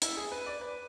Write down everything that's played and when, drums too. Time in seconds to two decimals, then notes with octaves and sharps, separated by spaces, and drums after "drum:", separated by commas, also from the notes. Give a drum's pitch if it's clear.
0.02 E4, drum: hi-hat
0.17 G#4
0.32 B4
0.46 D5
0.61 B4